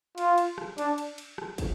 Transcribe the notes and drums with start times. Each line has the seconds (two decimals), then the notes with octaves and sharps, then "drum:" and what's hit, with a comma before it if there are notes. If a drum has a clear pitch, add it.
0.18 F4, drum: cymbal
0.38 drum: cymbal
0.58 drum: rim click
0.78 D4, drum: cymbal
0.98 drum: cymbal
1.18 drum: cymbal
1.38 drum: rim click
1.58 drum: kick, cymbal